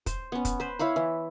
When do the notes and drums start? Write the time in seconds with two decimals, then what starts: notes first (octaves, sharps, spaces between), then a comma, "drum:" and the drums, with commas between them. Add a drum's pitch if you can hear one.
0.06 C5, drum: kick, hi-hat
0.32 B3 C#4
0.45 drum: kick, hi-hat
0.60 B4 C5
0.79 E4 C#5 F5 B5
0.96 E3